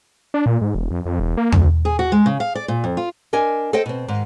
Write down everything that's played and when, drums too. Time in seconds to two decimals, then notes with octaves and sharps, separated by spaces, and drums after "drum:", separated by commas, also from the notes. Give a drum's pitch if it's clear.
0.34 D4
0.46 A#2
0.61 G#2
0.75 E1
0.91 F2
1.06 F2
1.20 E1
1.37 A#3
1.52 D2, drum: tom E2
1.85 G#4
1.99 F#4
2.12 G#3
2.26 C#3
2.40 F5
2.55 D5
2.68 A#2
2.84 F2
2.97 F4
3.33 D4 A#4 D#5 G#5
3.73 A4 C5 D#5 G5
3.86 B2 C4
4.08 G#2 D#3